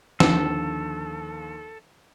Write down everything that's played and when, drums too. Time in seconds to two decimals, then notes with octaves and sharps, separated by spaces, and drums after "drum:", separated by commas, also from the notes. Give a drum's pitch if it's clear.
0.20 D#2 D3 F3 A4, drum: snare